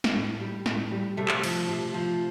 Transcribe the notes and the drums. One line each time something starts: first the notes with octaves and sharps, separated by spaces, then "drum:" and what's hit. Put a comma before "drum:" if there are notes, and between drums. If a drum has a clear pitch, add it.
drum: snare
A2
G3
A2, drum: snare
G3
C3 A3
drum: clap
F3, drum: cymbal
C3
F3